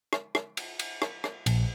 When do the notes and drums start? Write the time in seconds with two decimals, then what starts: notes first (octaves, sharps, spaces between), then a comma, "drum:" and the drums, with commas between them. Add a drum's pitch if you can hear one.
0.13 drum: rim click
0.35 drum: rim click
0.57 drum: cymbal
0.79 drum: cymbal
1.02 drum: rim click
1.24 drum: rim click
1.46 A#1, drum: cymbal